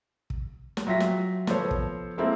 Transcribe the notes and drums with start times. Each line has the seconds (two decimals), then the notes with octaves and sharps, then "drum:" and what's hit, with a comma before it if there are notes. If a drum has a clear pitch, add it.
0.30 drum: kick
0.77 drum: snare
0.87 F#3 F4 E5 G5 A#6 B6
1.00 drum: snare
1.47 F3 B3 A4 C5 C#5, drum: snare
1.71 drum: kick
2.17 G#3 A#3 C4 E4 A4 A#4